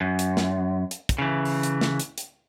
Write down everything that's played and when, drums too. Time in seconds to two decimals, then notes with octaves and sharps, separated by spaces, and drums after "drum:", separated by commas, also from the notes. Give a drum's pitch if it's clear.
0.01 F#2
0.19 drum: hi-hat
0.37 drum: snare
0.91 drum: hi-hat
1.09 drum: kick, hi-hat
1.18 C#3 E3
1.45 drum: open hi-hat
1.63 drum: hi-hat
1.81 drum: snare
1.99 drum: hi-hat
2.18 drum: hi-hat